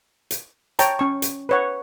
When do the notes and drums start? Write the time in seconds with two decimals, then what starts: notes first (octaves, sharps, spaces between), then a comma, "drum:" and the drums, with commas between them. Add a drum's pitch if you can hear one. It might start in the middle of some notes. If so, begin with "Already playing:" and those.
0.31 drum: hi-hat
0.79 C#5 G5 A5 A#5, drum: hi-hat
0.99 C#4 C#6
1.22 drum: hi-hat
1.49 B4 C#5 F#5